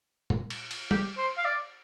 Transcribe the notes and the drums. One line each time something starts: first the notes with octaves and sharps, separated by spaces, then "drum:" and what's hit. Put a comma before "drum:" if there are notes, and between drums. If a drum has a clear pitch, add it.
drum: tom A#2
drum: cymbal
drum: cymbal
G4, drum: tom
C5
F5
D5